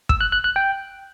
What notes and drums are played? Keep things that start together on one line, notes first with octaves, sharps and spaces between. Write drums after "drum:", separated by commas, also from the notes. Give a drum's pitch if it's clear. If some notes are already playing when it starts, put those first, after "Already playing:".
E6, drum: kick
F#6
F#6
F#6
G5